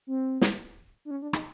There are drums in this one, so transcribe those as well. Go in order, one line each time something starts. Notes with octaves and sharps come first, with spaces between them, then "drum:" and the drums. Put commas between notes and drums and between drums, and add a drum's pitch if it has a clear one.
C4
drum: snare
D4
C#4
D4
D#4, drum: rim click